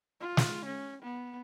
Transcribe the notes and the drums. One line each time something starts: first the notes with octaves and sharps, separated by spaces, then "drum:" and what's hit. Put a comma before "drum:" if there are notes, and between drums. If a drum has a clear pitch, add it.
F4
drum: snare
C#4
B3